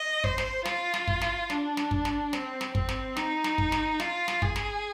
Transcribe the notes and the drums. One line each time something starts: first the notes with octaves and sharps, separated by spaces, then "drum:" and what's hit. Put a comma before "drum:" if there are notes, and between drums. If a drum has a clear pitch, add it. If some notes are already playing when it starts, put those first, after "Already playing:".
Already playing: D#5
C5, drum: kick
drum: snare
F4, drum: snare
drum: snare
drum: kick
drum: snare
D4, drum: snare
drum: snare
drum: kick
drum: snare
C4, drum: snare
drum: snare
C4, drum: kick
drum: snare
D#4, drum: snare
drum: snare
drum: kick
drum: snare
F4, drum: snare
drum: snare
G#4, drum: kick
drum: snare